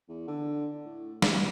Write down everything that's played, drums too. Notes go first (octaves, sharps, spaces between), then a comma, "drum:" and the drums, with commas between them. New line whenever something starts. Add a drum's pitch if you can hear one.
E2
D3
A2
D2, drum: snare